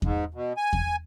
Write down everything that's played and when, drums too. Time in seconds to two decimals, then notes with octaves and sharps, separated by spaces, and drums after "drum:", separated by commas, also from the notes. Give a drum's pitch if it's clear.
0.02 G#2, drum: kick E2
0.34 B2
0.57 G#5
0.73 drum: kick E2